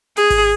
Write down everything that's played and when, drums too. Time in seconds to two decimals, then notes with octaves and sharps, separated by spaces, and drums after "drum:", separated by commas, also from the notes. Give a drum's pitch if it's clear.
0.17 G#4, drum: open hi-hat
0.30 drum: kick G#1, open hi-hat